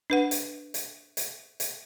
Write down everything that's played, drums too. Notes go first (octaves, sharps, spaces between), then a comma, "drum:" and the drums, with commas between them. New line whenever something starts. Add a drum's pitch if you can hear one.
D4 B4 F#5
drum: hi-hat
drum: hi-hat
drum: hi-hat
drum: hi-hat